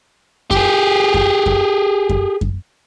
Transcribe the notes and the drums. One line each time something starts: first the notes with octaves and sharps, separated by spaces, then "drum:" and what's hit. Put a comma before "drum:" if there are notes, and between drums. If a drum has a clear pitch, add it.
G4 G#4, drum: kick F#2
drum: kick F#2
drum: kick F#2
drum: kick F#2
drum: kick F#2